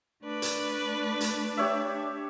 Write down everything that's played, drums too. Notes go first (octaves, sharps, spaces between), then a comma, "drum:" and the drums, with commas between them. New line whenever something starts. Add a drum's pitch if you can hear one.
A3 D4 B4 D5
drum: hi-hat
drum: hi-hat
G4 C#5 E5